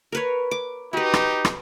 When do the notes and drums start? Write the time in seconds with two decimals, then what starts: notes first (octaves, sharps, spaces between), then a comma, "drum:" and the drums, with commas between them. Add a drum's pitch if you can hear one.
0.12 A#4 B4 C#5
0.51 D6
0.93 D#4 F#4 G4 B4
1.14 drum: rim click
1.45 drum: rim click